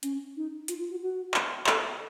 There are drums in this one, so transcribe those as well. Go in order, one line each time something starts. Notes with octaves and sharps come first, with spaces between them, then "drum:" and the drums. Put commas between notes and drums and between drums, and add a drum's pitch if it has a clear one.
C#4, drum: hi-hat
D#4
F4, drum: hi-hat
F4
F#4
F#4
drum: clap
A4, drum: clap